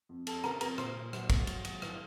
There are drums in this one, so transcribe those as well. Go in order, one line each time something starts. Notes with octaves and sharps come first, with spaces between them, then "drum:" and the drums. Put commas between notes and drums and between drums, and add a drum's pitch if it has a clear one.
F2
F2 A4 A5, drum: cymbal
C#3 A#4 A#5, drum: rim click
F2 A#4 A#5, drum: cymbal
A#2 C5 C6, drum: rim click
A#2
F#3, drum: rim click
F#3, drum: kick, cymbal
F#3, drum: cymbal
F#3, drum: cymbal
A2, drum: rim click